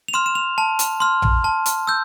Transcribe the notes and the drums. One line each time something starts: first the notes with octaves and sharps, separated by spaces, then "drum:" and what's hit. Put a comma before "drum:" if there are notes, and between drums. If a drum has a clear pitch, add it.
F7
C6 F6 E7
E7
F7
A5
drum: hi-hat
C6 F6
drum: tom A#1
A5
drum: hi-hat
E6 G6